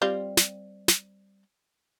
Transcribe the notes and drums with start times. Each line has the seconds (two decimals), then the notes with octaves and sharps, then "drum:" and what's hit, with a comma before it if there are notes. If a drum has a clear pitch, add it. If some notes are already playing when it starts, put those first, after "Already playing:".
0.02 G3 C4 F4
0.37 drum: snare
0.88 drum: snare